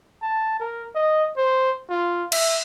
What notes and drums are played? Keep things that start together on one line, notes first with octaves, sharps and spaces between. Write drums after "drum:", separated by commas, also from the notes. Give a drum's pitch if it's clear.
A5
A#4
D#5
C5
F4
E5, drum: cymbal